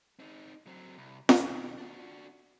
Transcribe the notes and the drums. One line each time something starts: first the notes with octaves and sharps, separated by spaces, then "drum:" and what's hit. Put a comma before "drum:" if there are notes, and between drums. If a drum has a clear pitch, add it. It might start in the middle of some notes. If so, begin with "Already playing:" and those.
C4 D#4
F#3 C4
C2
B2 D#3, drum: snare
D4 F#4